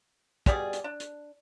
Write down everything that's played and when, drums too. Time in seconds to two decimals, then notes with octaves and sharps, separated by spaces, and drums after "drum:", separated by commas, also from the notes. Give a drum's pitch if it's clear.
0.46 B2 G3 G#4 D5, drum: kick, hi-hat
0.73 drum: hi-hat
0.84 D4
1.00 drum: hi-hat